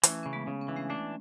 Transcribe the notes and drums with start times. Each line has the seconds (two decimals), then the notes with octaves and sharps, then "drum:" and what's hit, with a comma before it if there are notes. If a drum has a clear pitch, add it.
0.03 E3 A3 C#4, drum: hi-hat
0.23 C#3 C#4
0.33 G#3 B3
0.47 C#3
0.61 C#4
0.68 E3 D4
0.76 A3 C#4
0.90 A3 C#4 D4